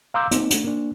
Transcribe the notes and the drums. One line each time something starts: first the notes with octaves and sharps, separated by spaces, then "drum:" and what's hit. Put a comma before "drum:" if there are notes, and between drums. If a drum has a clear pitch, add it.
F5 A#5 C6 D6 E6 G6
A#3 C4 D#4, drum: hi-hat
A3 D4, drum: hi-hat
A#3 D4